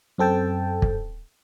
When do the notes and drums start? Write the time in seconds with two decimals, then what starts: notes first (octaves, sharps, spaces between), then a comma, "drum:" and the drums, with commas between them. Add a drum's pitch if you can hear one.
0.18 F#2 C4 A4 G5 A5
0.82 drum: kick